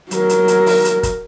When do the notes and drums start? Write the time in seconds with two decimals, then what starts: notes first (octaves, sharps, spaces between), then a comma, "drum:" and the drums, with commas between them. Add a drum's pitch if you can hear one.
0.11 F#3 A#4, drum: hi-hat
0.29 drum: hi-hat
0.48 drum: hi-hat
0.66 drum: open hi-hat
0.85 drum: hi-hat
1.03 drum: kick, hi-hat